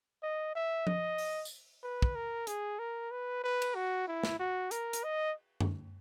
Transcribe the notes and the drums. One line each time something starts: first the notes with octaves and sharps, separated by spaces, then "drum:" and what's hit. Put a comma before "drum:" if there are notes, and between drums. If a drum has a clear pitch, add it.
D#5
E5
D#5, drum: tom F3
drum: open hi-hat
drum: tambourine
B4
drum: kick
A#4
G#4, drum: hi-hat
A#4
B4
B4
drum: cymbal
F#4
E4
drum: snare
F#4
A#4, drum: hi-hat
drum: hi-hat
D#5
drum: tom F#2